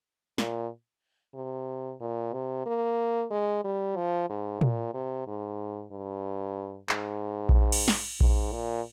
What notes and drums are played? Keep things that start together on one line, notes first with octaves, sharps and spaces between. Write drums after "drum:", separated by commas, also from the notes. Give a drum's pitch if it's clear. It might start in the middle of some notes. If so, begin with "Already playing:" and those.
A#2, drum: snare
C3
A#2
C3
A#3
G#3
G3
F3
G#2
A#2, drum: tom
C3
G#2
G2
G#2, drum: clap
drum: kick A#1
drum: cymbal
drum: snare
G#2, drum: kick A#1
A#2